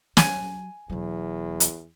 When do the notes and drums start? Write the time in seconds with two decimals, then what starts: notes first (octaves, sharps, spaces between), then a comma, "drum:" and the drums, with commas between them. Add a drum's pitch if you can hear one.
0.17 F#3 G#5, drum: snare
0.90 E1 E2 F#3
1.60 drum: hi-hat